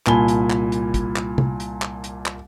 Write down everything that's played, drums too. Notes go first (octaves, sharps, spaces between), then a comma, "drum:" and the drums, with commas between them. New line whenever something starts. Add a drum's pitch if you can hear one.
C2 A#2 G#5 A5 B5 G7, drum: clap
drum: hi-hat
drum: clap
drum: hi-hat
drum: kick, hi-hat
drum: clap
drum: tom C3
drum: hi-hat
drum: clap
drum: hi-hat
drum: clap